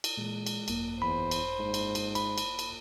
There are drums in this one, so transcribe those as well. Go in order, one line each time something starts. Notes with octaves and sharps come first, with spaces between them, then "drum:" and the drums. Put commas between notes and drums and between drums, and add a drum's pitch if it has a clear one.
drum: cymbal
A#2 E3 G#3
drum: cymbal
G#1 F#2 A#3, drum: cymbal
E2 C5 B5
drum: cymbal
G#2
drum: cymbal
drum: cymbal
B5, drum: cymbal
drum: cymbal
drum: cymbal